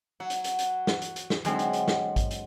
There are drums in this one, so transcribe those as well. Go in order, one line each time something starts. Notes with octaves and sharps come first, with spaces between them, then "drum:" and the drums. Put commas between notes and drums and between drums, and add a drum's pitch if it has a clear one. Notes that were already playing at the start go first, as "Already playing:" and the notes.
F#3 F#5
drum: hi-hat
drum: hi-hat
drum: hi-hat
drum: snare
drum: hi-hat
drum: hi-hat
drum: snare
D3 F#3 G#3 C4, drum: hi-hat
drum: hi-hat
drum: hi-hat
drum: snare
drum: kick A1, hi-hat
drum: hi-hat